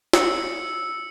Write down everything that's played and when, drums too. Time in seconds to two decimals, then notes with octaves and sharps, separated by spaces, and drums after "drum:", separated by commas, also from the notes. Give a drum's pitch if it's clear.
0.13 E6 C#7, drum: snare